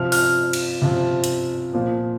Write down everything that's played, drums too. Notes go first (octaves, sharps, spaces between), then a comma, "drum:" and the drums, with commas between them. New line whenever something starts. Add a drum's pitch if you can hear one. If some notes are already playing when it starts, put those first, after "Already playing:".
Already playing: C3 F3 F6
F6, drum: open hi-hat
drum: cymbal
C3 F3
drum: hi-hat
A#2 F3